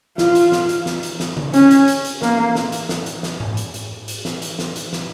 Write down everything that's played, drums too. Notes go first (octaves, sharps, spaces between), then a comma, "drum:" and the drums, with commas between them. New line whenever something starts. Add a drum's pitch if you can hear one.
F4, drum: snare
drum: hi-hat
drum: snare
drum: hi-hat
drum: snare
drum: hi-hat
drum: snare
drum: tom C#3
C#4, drum: hi-hat
drum: hi-hat
drum: hi-hat
drum: hi-hat
A#3, drum: snare
drum: snare
drum: hi-hat
drum: snare
drum: hi-hat
drum: snare
drum: tom G#2
drum: hi-hat
drum: hi-hat
drum: hi-hat
drum: snare
drum: hi-hat
drum: snare
drum: hi-hat
drum: snare